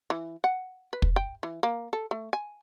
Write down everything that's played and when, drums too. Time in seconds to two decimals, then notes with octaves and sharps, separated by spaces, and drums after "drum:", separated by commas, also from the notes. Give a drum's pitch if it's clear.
0.10 E3
0.44 F#5
0.93 B4
1.02 drum: kick
1.16 G5
1.43 E3
1.63 A#3
1.93 A4
2.11 A3
2.33 G#5